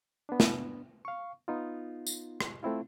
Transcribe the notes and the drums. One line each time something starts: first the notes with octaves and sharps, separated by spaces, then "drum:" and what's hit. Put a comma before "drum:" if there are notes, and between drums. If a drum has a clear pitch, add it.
B3 D4
drum: snare
F5 C#6
B3 D#4 F4
drum: tambourine
drum: rim click
A3 C4 E4 F4